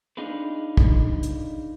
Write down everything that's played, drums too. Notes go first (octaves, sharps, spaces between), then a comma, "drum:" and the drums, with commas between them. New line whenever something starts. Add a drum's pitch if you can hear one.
D4 D#4 F4 G#4 B4
drum: kick
drum: hi-hat